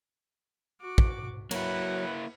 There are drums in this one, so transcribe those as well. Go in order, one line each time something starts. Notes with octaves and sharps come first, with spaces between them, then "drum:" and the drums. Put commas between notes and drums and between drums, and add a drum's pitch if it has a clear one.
F#4 D6
drum: kick
F#3 A#3 E4 B4 F#5, drum: cymbal